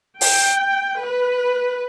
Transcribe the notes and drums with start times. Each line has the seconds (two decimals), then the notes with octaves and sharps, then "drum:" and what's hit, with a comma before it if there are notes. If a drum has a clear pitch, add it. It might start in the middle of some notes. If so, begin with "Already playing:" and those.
0.21 G5, drum: open hi-hat
1.00 B4